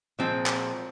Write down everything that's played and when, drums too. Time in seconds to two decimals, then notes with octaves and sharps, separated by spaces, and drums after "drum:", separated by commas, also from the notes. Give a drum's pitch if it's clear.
0.19 A#2 F3 G#3 C4
0.46 drum: clap